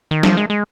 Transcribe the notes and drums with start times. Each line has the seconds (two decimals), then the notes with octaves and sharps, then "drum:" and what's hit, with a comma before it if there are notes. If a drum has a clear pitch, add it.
0.11 D#3
0.23 F3, drum: snare
0.37 G#3
0.50 G#3